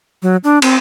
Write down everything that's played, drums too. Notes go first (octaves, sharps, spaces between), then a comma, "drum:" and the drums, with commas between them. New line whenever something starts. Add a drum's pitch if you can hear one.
F#3
D4
C4, drum: cymbal